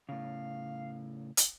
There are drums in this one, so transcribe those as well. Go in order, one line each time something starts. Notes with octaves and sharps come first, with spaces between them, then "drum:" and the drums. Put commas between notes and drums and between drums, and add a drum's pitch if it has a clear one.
A2 C#3 F5
drum: hi-hat